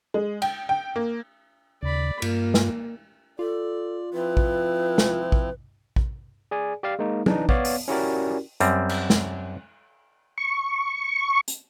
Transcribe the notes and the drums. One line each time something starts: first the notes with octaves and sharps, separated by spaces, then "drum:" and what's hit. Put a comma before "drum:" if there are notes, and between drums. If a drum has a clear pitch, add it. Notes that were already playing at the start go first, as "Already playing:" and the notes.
G#3
G5, drum: cymbal
G5
A#3
D#2 C#3 D5 B5
G2 A#3 F4, drum: cymbal
drum: snare
F4 A4 D5
F3 C4 E4 B4
drum: kick
drum: snare
drum: kick
drum: kick
G#4 D5 G#5
G4 D5 F5
G#3 A#3 D#4
E3 D4 D#4, drum: tom
B3 C#5 D5 F5, drum: kick
drum: open hi-hat
C#4 E4 F#4 G4 A#4 D5
F#2 G3 C4, drum: hi-hat
drum: cymbal
drum: snare
C#6
drum: hi-hat